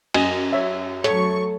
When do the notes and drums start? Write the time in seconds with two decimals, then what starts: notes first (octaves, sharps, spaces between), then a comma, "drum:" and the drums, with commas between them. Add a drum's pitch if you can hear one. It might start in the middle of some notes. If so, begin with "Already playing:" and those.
0.14 F#2 D#5 G#5, drum: cymbal
0.53 C#5 E5
1.04 F#3 A3 C#5 C#6, drum: hi-hat